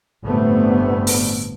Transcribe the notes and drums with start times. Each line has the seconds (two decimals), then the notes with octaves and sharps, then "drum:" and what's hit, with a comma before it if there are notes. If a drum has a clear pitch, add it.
0.23 G1 A2 C3 A3 B3
1.07 drum: open hi-hat